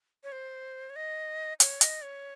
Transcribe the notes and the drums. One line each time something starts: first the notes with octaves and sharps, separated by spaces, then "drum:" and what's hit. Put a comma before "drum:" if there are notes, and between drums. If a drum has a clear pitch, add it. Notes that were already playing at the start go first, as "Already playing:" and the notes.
C#5
C5
C#5
D#5
C#5, drum: hi-hat
D#5, drum: hi-hat
C#5